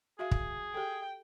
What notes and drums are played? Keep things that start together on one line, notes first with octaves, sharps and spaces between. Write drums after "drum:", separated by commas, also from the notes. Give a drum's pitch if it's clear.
F#4 G#4 E5 F5
drum: kick
G4 A4 G5